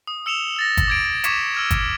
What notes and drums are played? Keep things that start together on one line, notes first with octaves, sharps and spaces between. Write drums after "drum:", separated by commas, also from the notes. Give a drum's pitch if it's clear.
D#6
E6 C#7 E7 F7 G7
E6 A6 A#6
drum: kick, hi-hat
D6 G#6 D7
C#6 D6 G#6 B6 C#7 E7, drum: hi-hat
E6 F6 G#6
drum: kick, hi-hat